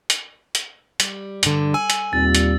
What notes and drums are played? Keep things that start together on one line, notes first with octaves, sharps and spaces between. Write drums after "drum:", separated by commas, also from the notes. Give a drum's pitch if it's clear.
drum: hi-hat
drum: hi-hat
G3, drum: hi-hat
G2 D3, drum: hi-hat
G#5 E6
drum: hi-hat
D#2 A#2 G3 C4 A6
drum: hi-hat